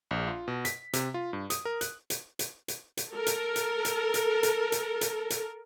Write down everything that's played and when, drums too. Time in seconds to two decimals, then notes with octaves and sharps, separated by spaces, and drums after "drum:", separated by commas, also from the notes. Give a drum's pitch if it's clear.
0.11 A#1
0.27 F4
0.48 B2
0.65 B6, drum: hi-hat
0.93 C3, drum: hi-hat
1.14 F4
1.33 G2
1.50 D#6, drum: hi-hat
1.65 A#4
1.81 F#6, drum: hi-hat
2.10 drum: hi-hat
2.39 drum: hi-hat
2.68 drum: hi-hat
2.97 drum: hi-hat
3.11 A4 A#4
3.27 drum: hi-hat
3.56 drum: hi-hat
3.85 drum: hi-hat
4.14 drum: hi-hat
4.43 drum: hi-hat
4.72 drum: hi-hat
5.01 drum: hi-hat
5.30 drum: hi-hat